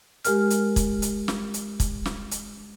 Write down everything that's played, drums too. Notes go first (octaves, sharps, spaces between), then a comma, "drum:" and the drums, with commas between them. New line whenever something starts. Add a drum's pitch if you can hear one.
G#3 G4 A#4 F6, drum: hi-hat
drum: hi-hat
drum: kick, hi-hat
drum: hi-hat
drum: snare
drum: hi-hat
drum: kick, hi-hat
drum: snare
drum: hi-hat